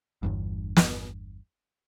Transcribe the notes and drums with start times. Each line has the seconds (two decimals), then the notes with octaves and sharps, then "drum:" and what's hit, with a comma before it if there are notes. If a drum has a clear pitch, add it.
0.23 G1 E2 G2
0.76 drum: snare